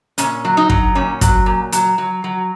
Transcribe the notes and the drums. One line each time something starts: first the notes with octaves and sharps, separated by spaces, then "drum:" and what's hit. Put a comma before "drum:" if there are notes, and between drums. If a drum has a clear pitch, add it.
A#2 C#4, drum: hi-hat
F#3
D#4
F#3, drum: kick
A#2 C#4
F#3, drum: kick, hi-hat
A#2
F#3, drum: hi-hat
F#3
F#3